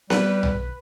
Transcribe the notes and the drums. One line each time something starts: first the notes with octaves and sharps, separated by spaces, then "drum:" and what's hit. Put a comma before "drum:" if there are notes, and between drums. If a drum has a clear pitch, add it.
G3 B4, drum: snare B3
drum: tom B1